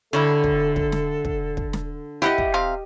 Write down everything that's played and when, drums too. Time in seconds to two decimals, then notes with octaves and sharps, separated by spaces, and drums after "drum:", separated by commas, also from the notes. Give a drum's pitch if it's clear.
0.13 D3 F#3 G3 E4 A4
0.44 drum: kick
0.76 drum: kick
0.92 drum: snare
1.25 drum: kick
1.57 drum: kick
1.73 drum: snare
2.22 E4 G4 D#5 F#5
2.38 drum: kick
2.54 C3 C4 F5